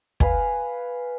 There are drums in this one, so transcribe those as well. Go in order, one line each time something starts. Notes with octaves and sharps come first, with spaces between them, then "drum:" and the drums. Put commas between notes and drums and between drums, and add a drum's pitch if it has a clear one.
B4 F5 F#5 G#5, drum: kick